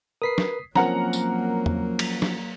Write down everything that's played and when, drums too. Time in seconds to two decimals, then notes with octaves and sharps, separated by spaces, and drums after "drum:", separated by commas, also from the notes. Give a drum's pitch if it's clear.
0.22 A#4 B4 D#6 B6 C7
0.38 drum: snare
0.75 F3 F#3 A#3 C4 C#4 A#4 F#5 A#5, drum: snare
1.13 drum: tambourine
1.66 drum: tom E2
1.99 drum: cymbal
2.22 drum: snare